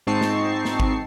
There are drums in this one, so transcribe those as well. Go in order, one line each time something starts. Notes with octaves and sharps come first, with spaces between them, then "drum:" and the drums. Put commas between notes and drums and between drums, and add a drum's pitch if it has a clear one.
G#2 C4 D#4 A5 C#6 C7
drum: snare
drum: snare
drum: kick G#1